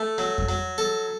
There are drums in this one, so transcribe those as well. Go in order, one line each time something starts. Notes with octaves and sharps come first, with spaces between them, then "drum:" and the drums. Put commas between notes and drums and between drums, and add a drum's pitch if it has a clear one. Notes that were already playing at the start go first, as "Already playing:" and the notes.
Already playing: A3
F#3
drum: kick F2
F#3
A4